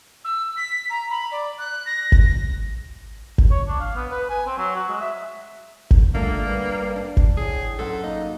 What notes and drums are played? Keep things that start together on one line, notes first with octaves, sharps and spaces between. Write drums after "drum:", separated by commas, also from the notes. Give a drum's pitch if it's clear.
E6
B6
A#5
B5
D5
F#6
A#6
drum: kick G#1
drum: kick G#1
C#5
D4
F5
B3
B4
G#5
C4
F#3
F#4
G#3
E5
drum: kick G#1
A#2 D3 G3 A3 A#3
G3 B3
D4
drum: kick G#1
A2 G#4
F#2 A4 C5 F#5
A#3 D#4